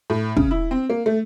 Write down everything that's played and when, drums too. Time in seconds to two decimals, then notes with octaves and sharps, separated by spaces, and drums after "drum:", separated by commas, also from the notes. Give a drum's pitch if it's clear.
0.10 A2
0.37 C#3, drum: kick
0.51 E4
0.71 C4
0.90 A#3
1.06 A3